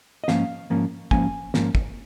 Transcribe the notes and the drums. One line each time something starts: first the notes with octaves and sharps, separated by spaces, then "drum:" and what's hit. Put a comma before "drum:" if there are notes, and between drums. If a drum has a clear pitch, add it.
D#5
G#2 F3 A#3 C#4 F5, drum: snare
G#2 F3 A#3 C#4
G#2 F3 A#3 C#4 G#5, drum: kick
G#2 F3 A#3 C#4, drum: snare
drum: kick